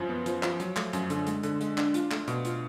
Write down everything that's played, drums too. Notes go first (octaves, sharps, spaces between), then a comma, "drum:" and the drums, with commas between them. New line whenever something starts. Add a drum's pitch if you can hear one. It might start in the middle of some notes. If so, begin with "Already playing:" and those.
Already playing: F#2 F3
B3
F3, drum: hi-hat
F3, drum: clap
F#3, drum: hi-hat
A3, drum: clap
F#2, drum: hi-hat
D3, drum: hi-hat
G#3, drum: hi-hat
D3, drum: hi-hat
G#3, drum: hi-hat
D4, drum: clap
F4, drum: hi-hat
A3, drum: clap
B2, drum: hi-hat
F4, drum: hi-hat